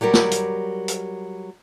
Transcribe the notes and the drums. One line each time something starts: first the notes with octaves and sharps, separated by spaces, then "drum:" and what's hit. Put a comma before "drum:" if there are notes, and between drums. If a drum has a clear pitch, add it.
F#3 G3 G4 A#4
drum: snare
drum: hi-hat
drum: hi-hat